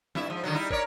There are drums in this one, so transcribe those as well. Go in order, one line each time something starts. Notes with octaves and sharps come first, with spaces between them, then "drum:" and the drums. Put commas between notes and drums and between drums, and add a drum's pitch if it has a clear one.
G2 E4 E5, drum: snare C4
G#2 F3
D3 D#3 F#3
G3 D#4 E4
A#4 C#5 D5, drum: kick